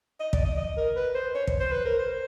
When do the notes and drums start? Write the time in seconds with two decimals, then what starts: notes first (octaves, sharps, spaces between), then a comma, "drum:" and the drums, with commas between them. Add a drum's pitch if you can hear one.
0.20 D#5
0.33 D5, drum: kick
0.45 D#5
0.57 D#5
0.77 A#4
0.96 B4
1.15 C5
1.35 C#5
1.47 drum: kick
1.60 C5
1.72 B4
1.85 A#4
1.99 C5